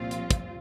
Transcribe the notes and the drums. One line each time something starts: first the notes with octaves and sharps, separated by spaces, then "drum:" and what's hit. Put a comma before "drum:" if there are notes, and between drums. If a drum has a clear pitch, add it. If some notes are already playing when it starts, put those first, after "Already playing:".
Already playing: C2 A#2 F3 C4 F4
drum: hi-hat
drum: kick, hi-hat